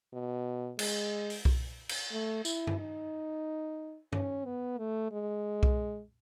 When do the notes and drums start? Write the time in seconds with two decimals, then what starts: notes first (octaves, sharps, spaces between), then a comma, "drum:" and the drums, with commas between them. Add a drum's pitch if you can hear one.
0.13 B2
0.79 G#3, drum: cymbal
1.30 drum: open hi-hat
1.45 drum: kick B1
1.89 drum: cymbal
2.12 A3
2.45 E4, drum: tambourine
2.67 drum: tom G2
2.79 D#4
4.12 C#4, drum: tom G2
4.45 B3
4.78 A3
5.11 G#3
5.63 drum: kick B1